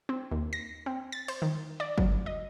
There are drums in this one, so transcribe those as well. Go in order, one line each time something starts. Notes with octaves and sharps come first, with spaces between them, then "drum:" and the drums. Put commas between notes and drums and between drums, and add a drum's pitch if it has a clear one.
C4
D#2
A#6
C4
A6
C5, drum: cymbal
D#3
D5
F#3, drum: kick G1
D#5